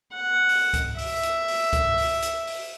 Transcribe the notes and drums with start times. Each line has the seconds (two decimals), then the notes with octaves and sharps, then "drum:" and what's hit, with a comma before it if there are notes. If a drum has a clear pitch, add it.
0.14 F#5
0.49 drum: open hi-hat
0.74 drum: kick C#2, hi-hat
0.98 E5, drum: open hi-hat
1.23 drum: hi-hat
1.48 drum: open hi-hat
1.73 drum: kick C#2, hi-hat
1.98 drum: open hi-hat
2.22 drum: hi-hat
2.47 drum: open hi-hat